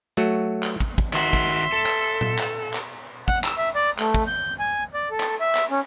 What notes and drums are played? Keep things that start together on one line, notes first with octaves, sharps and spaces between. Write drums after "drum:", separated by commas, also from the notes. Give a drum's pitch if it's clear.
F#3 A3 F#4
drum: clap
drum: kick
drum: kick
D#3 F#4 E5 C6, drum: clap
drum: kick
A4
drum: clap
drum: tom A#2
drum: clap
drum: clap
F#5, drum: kick
E6, drum: clap
E5
D5
A3, drum: clap
drum: kick
G6
G#5
D5
A4
drum: clap
E5
drum: clap
C#4